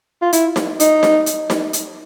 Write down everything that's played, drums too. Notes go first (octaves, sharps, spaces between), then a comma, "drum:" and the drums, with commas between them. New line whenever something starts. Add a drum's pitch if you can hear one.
F4
E4, drum: hi-hat
drum: snare D#4
D#4, drum: hi-hat
drum: snare D#4
drum: hi-hat
drum: snare D#4
drum: hi-hat